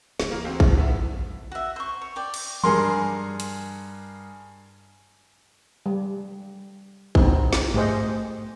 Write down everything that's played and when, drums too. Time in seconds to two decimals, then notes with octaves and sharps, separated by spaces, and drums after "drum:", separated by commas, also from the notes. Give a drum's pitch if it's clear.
0.20 D2 E3, drum: snare
0.31 A#3
0.45 B2 C4
0.60 D3 D#3, drum: kick A1
0.77 B1 B3 E4
1.52 F#4 E5
1.76 C5 C#6
2.01 C#5
2.16 D5 G5
2.34 drum: cymbal
2.64 G2 G#4 A#4 C6, drum: tom E3
3.40 drum: hi-hat
5.86 G3
7.15 B3 C4 D#4, drum: kick A1
7.53 drum: snare
7.74 A3 G4 G#4 C5 D#5, drum: tom G2